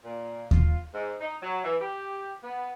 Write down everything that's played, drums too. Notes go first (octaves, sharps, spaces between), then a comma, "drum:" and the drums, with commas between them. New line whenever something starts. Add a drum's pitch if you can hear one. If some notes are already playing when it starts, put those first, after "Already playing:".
A#2
F4, drum: kick D#2
G#2
D#4
F#3
E3
G4
B3